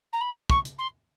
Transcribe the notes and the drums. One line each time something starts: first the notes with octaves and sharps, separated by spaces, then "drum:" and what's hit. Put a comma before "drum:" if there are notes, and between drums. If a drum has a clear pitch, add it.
A#5
B5
C#6, drum: kick
drum: hi-hat
C6